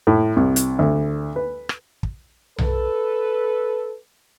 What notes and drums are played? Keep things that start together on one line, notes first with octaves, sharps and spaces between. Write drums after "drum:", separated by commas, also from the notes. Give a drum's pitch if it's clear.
A2
C2
drum: hi-hat
D2
B4
drum: rim click
drum: kick
A4 B4, drum: tom B1